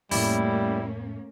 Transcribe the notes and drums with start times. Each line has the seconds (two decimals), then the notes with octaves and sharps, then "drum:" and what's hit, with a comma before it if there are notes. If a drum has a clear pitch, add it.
0.11 F2 A2 G3 A3 A#3 C#4 E4, drum: open hi-hat